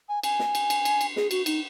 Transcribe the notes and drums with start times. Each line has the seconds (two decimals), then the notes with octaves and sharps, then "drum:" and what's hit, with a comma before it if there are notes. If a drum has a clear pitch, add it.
0.09 G#5
0.23 G#5, drum: cymbal
0.39 drum: snare
0.55 drum: cymbal
0.70 drum: cymbal
0.85 drum: cymbal
1.01 drum: cymbal
1.16 G#4, drum: snare
1.31 F#4, drum: cymbal
1.46 D#4, drum: cymbal